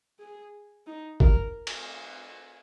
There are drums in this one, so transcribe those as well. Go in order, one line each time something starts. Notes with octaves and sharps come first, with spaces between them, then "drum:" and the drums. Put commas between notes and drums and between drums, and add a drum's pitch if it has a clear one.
G#4
D#4
A#4, drum: kick G#1
drum: cymbal